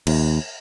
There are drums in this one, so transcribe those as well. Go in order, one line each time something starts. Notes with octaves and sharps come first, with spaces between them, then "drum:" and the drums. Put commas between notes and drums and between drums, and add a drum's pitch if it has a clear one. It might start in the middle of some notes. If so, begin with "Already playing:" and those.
D#2, drum: cymbal